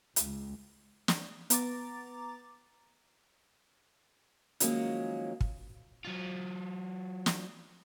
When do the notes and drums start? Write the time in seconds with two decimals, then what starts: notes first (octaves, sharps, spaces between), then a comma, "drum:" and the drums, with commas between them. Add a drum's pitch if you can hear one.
0.16 C#2, drum: hi-hat
1.08 drum: snare
1.50 B3 A#5 D6 A6, drum: hi-hat
4.60 D#3 F3 F#3 G#3 A#3 C#4, drum: hi-hat
5.41 drum: kick
6.05 F#3 F4
7.26 drum: snare